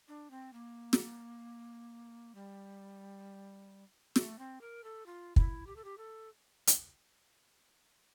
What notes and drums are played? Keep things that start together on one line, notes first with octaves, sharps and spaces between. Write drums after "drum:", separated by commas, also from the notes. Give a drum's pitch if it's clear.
D4
C4
A#3
drum: snare
G3
A3, drum: snare
C4
A#4
A4
F4
E4, drum: kick
G4
A4
G4
A4
drum: hi-hat